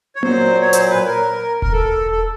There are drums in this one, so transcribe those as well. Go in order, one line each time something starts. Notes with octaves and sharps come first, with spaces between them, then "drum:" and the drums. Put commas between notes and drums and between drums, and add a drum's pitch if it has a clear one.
C#5
A#2 F#3 C5, drum: tom A#3
C#5
C5, drum: hi-hat
B4
A#4
A#4, drum: kick E1
A4
A4